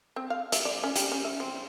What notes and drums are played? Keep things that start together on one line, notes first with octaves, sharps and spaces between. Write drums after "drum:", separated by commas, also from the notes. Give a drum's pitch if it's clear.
C4
F5
E5, drum: hi-hat
D5
C#4
G4, drum: hi-hat
C#4
E5
C4